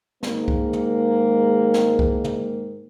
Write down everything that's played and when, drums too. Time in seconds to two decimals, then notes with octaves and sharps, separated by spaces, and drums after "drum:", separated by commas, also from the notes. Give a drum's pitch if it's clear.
0.23 G#2 D#3 G#3 A#3, drum: snare
0.48 drum: kick C2
0.73 drum: tom
1.74 drum: snare
1.99 drum: kick C2
2.24 drum: tom